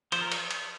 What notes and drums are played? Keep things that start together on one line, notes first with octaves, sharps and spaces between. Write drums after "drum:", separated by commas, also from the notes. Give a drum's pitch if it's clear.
F3 C5, drum: cymbal
A#4
drum: cymbal
drum: cymbal